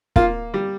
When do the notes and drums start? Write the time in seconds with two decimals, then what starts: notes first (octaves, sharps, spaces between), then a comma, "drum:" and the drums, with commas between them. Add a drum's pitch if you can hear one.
0.16 A#3 F4, drum: kick
0.54 G3